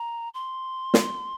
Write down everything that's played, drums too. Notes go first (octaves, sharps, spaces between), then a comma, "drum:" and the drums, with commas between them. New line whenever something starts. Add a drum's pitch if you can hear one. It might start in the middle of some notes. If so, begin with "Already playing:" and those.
Already playing: A#5
C6
drum: snare